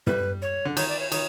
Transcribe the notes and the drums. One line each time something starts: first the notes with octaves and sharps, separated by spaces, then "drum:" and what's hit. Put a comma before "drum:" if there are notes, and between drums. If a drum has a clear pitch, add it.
G3 B4, drum: tom
C#5
D3
D#3 C#5, drum: cymbal
D5
C#5
D#3 C#5, drum: cymbal